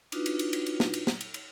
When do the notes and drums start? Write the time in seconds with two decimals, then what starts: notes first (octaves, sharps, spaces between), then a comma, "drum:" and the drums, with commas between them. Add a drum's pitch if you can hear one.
0.12 D4 D#4 F4 F#4 B4, drum: cymbal
0.26 drum: cymbal
0.39 drum: cymbal
0.53 drum: cymbal
0.66 drum: cymbal
0.80 drum: snare
0.94 drum: cymbal
1.07 drum: snare
1.21 drum: cymbal
1.34 drum: cymbal